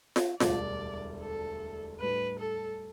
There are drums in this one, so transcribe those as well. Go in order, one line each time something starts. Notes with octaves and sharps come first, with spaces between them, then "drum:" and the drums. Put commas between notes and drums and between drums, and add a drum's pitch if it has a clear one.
drum: snare F4
E1 D2 D3 G3 D4 D5, drum: snare F4
A4
A2 G3 D4 B4
A4